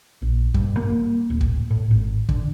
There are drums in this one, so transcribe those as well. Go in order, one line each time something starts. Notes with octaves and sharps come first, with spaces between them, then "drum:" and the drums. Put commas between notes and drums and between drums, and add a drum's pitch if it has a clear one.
A#1
G2, drum: kick
A#3
D1
drum: kick
A2
G#1
D3, drum: kick